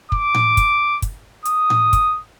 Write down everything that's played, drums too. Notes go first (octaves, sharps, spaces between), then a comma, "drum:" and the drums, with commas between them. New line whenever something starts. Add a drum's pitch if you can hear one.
D6, drum: kick
drum: tom A2
drum: kick, hi-hat
drum: kick, hi-hat
D#6, drum: hi-hat
drum: tom A2
drum: kick, hi-hat